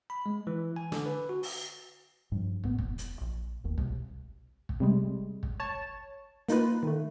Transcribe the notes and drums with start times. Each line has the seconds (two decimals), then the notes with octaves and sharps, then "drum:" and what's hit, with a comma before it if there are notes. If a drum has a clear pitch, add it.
0.10 B5
0.26 G#3
0.47 E3
0.76 G#5
0.92 D3, drum: snare
1.06 B4
1.29 F#4
1.43 drum: open hi-hat
2.32 G2 F3
2.64 A2 B3, drum: kick
2.79 E1, drum: kick
2.98 drum: hi-hat
3.21 A#1
3.64 E1 D#2
3.78 C2 B2, drum: kick
4.69 drum: kick
4.80 C3 G3 G#3
5.43 drum: kick
5.60 C#5 A5
6.49 A#3 D#4 F4 B4, drum: hi-hat
6.83 D#3 A3